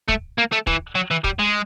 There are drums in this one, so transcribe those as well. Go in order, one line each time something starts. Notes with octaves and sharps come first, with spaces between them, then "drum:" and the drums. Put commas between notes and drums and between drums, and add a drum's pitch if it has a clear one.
A3, drum: kick
A#3
A3
E3, drum: kick
F#3
E3
G3, drum: kick
G#3